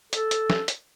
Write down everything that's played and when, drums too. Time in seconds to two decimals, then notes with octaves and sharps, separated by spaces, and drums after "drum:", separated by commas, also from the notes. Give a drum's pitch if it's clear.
0.13 A4, drum: hi-hat
0.31 drum: hi-hat
0.50 drum: snare
0.68 drum: hi-hat